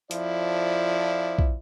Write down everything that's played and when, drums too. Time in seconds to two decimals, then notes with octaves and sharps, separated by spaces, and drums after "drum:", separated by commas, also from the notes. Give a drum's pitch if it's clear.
0.11 F2 F3 E4 D5, drum: hi-hat
1.39 drum: kick A#1